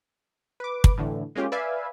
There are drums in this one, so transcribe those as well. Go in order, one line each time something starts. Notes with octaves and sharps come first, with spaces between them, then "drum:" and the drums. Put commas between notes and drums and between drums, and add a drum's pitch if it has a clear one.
B4 D6
drum: kick
A2 D3 E3
G#3 A#3 C#4 F4 G4
B4 D5 E5 F5 G#5